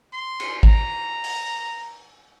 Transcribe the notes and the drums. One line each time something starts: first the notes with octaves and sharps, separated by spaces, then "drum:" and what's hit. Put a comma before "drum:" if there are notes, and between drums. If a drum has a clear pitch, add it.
C6
drum: cymbal
A#5, drum: kick
drum: open hi-hat